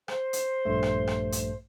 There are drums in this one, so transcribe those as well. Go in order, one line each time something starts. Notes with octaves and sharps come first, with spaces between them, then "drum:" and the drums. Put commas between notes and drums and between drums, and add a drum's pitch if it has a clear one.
C5, drum: rim click
drum: hi-hat
A#1 G2 A3
drum: rim click
drum: rim click
drum: hi-hat